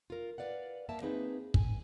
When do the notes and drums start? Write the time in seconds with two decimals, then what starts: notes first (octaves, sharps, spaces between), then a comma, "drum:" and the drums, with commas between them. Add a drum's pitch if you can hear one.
0.10 F4 A#4
0.38 B4 D5 F5 F#5
0.89 G2 A#3 E5 A5
1.02 A#3 C4 D#4 G#4 B4
1.54 G#5, drum: kick